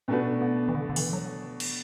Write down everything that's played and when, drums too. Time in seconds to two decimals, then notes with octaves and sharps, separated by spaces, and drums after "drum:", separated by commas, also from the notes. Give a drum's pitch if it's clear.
0.08 B2 A3 C#4 D4 F#4 B4
0.42 B3
0.68 E3
0.75 D3
0.89 D3
0.96 E3, drum: open hi-hat
1.13 F#3
1.60 drum: cymbal